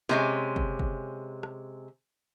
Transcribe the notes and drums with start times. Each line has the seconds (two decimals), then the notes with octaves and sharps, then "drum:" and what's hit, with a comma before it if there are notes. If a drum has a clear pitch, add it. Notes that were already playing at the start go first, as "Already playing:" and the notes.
0.09 C3 G#3 C#4, drum: snare
0.56 drum: kick
0.79 drum: kick
1.43 drum: rim click